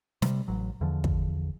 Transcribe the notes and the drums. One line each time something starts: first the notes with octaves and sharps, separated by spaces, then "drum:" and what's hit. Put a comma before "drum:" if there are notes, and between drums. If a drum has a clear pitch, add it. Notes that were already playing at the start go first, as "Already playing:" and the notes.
C3 G3, drum: snare
A1 F#3
E2 D3 F3
drum: kick